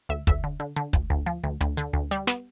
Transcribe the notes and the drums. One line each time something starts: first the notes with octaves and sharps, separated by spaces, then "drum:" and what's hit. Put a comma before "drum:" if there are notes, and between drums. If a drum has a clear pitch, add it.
D2 E5
D2 E5, drum: kick, hi-hat
D3
D3
D3
D2, drum: kick, hi-hat
D2
F3
D2
D2, drum: hi-hat
D3
D2
G3
B3, drum: snare